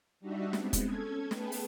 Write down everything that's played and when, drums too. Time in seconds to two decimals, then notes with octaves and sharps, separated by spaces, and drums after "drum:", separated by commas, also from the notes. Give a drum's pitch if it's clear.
0.20 G3 D4 D#4 F#4 E5
0.53 G#3 B3 C4, drum: snare
0.73 drum: kick, hi-hat
0.87 C#4 A4 G#6
1.31 A3 B3 G#4 B4 G5 A5, drum: snare
1.52 drum: open hi-hat